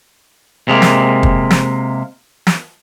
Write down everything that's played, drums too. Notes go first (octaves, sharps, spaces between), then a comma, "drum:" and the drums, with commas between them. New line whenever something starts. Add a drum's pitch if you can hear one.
C3 G#3 A#3
drum: snare
drum: kick
drum: snare
drum: snare